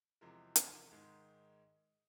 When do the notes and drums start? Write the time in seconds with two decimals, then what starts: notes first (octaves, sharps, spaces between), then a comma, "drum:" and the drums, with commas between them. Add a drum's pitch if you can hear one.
0.21 E2 C3 F3 G#3 A#4
0.56 D5, drum: hi-hat
0.91 G#2 D#3 G#3